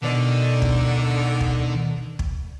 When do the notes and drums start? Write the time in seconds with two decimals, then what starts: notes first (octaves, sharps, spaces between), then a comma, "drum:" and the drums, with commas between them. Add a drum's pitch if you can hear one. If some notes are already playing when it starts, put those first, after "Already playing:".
0.03 B2 D3 D#3 D5 D#5
0.62 drum: kick
1.41 drum: kick
2.19 drum: kick